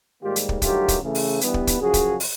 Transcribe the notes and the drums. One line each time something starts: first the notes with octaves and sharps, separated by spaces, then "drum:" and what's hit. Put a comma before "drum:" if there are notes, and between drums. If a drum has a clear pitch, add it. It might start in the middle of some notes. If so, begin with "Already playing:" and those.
G#2 D#3 G3 A#3 F4 G4
drum: hi-hat
drum: kick
G2 D#3 F#3 A3 F4 G4, drum: kick, hi-hat
drum: kick, hi-hat
C#3 E3 A3
drum: open hi-hat
G2 E3 G3 B3, drum: hi-hat
drum: kick
drum: kick, hi-hat
F#2 C#3 F3 F#4 G#4
drum: kick, hi-hat
drum: open hi-hat